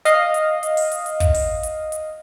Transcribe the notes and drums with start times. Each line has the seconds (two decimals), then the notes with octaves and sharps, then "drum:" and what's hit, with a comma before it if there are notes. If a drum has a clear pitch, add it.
0.05 D#5 F5, drum: hi-hat
0.34 drum: hi-hat
0.63 drum: hi-hat
0.77 drum: open hi-hat
0.92 drum: hi-hat
1.06 drum: hi-hat
1.20 drum: kick, hi-hat
1.35 drum: open hi-hat
1.63 drum: hi-hat
1.92 drum: hi-hat